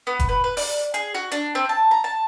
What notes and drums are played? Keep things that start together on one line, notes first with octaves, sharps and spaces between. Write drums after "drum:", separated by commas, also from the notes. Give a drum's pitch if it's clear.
B3
drum: kick F1, hi-hat
B4
B4
D5, drum: open hi-hat
G#4, drum: hi-hat
F#4
D4, drum: hi-hat
C4
A5
A#5
A5